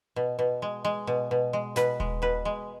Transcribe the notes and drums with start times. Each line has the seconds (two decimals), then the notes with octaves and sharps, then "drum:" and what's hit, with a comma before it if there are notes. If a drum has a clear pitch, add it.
0.16 B2
0.39 B2
0.62 G#3
0.84 G#3
1.07 B2
1.31 B2
1.53 G#3
1.76 B2 B4, drum: snare
2.00 G#3, drum: kick D#1
2.22 B2 B4
2.45 G#3